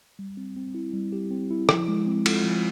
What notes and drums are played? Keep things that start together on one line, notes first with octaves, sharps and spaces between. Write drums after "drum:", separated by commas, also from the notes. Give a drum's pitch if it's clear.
G3
C4
C4
E4
G3
G4
C4
E4
F3, drum: rim click
G#3
C4
F4, drum: cymbal
F3